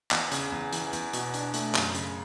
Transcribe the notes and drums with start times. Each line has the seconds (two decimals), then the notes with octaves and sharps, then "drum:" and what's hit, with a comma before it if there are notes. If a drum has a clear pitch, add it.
0.11 E2, drum: clap
0.32 C#3, drum: hi-hat
0.52 E2
0.73 E3, drum: hi-hat
0.93 E2, drum: hi-hat
1.13 B2, drum: hi-hat
1.34 D4, drum: hi-hat
1.54 A3, drum: hi-hat
1.75 F#2, drum: clap
1.94 C#3, drum: hi-hat